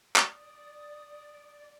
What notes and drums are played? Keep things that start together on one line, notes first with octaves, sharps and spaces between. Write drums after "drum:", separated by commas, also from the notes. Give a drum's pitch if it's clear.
D5 D#6, drum: clap